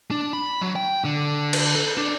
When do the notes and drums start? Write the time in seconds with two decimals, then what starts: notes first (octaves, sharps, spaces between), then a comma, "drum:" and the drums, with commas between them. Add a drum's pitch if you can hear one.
0.11 D4
0.33 B5
0.61 F#3
0.76 G5
1.05 D3
1.53 drum: cymbal
1.75 A4
1.97 D4